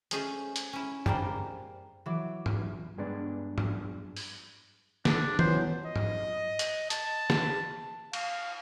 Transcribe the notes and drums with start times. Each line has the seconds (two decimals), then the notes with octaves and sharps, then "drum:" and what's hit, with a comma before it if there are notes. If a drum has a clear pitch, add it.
0.11 G#3 A3 C#4 G#4 C5, drum: hi-hat
0.56 drum: hi-hat
0.73 C#4 E4
1.06 G3 G#3 A#3 A#4 C5, drum: tom F#2
2.06 E3 F#3 D6
2.46 drum: tom G#2
2.98 G2 G#3 B3 D4
3.58 drum: tom G#2
4.17 drum: open hi-hat
5.05 D4, drum: snare
5.39 E3 F#3 B3 C5, drum: tom
5.86 D#5
5.96 drum: tom G#2
6.59 drum: hi-hat
6.90 A5, drum: hi-hat
7.30 drum: snare
8.13 F5, drum: cymbal